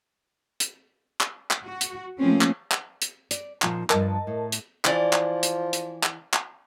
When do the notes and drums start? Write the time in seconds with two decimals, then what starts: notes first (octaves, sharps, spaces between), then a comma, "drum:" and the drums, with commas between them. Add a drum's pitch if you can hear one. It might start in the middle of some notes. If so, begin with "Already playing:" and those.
0.60 drum: hi-hat
1.21 drum: clap
1.51 drum: clap
1.62 F#4
1.81 drum: hi-hat
2.19 F3 A3 A#3 C4 C#4
2.41 drum: clap
2.71 drum: clap
3.02 drum: hi-hat
3.31 D5, drum: hi-hat
3.62 A#2 F3 D#4, drum: clap
3.90 G2 F3 A#4 D#5 A5, drum: clap
4.27 A2
4.52 drum: hi-hat
4.85 E3 F3 D5, drum: clap
5.13 drum: clap
5.43 drum: hi-hat
5.73 drum: hi-hat
6.03 drum: clap
6.33 drum: clap